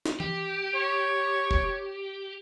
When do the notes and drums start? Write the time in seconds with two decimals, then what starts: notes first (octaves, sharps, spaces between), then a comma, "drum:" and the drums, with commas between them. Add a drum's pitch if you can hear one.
0.06 drum: snare
0.20 G4, drum: tom E3
0.75 C#5
1.51 drum: kick F1